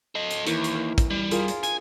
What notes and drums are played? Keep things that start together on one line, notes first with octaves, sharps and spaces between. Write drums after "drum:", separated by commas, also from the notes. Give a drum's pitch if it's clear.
A4 D#5
drum: hi-hat
D#2 E3 A#4 C#6, drum: hi-hat
drum: hi-hat
A#4
drum: kick, hi-hat
G3
F4 G#4 A#4, drum: hi-hat
drum: hi-hat
G#5, drum: hi-hat